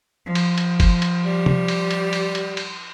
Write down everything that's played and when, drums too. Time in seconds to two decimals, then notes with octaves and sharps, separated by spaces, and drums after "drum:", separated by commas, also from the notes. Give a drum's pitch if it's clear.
0.26 F3
0.35 drum: cymbal
0.58 drum: cymbal
0.80 drum: kick F#1, cymbal
1.02 drum: cymbal
1.24 G3
1.46 drum: tom
1.68 drum: cymbal
1.91 drum: cymbal
2.13 drum: cymbal
2.35 drum: cymbal
2.57 drum: cymbal